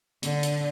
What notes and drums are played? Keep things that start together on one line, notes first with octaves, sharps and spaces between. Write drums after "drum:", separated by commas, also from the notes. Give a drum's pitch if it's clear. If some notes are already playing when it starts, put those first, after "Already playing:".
D3, drum: hi-hat
drum: hi-hat